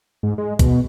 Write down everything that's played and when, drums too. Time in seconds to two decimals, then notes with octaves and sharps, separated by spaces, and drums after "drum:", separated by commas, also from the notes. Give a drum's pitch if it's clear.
0.23 G#2
0.38 G#3
0.59 B2, drum: kick, hi-hat